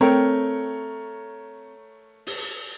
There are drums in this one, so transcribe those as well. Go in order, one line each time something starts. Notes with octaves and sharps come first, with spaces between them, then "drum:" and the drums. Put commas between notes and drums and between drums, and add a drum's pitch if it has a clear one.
A3 C4 A#4 C#5 G5
drum: open hi-hat